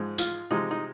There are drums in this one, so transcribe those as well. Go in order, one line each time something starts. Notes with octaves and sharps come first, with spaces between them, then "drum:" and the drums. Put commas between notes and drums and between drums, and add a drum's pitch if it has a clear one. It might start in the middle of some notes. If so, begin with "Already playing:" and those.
Already playing: G#2 F3 G#3
F4, drum: tambourine
C3 F3 G#3 D#4
D#4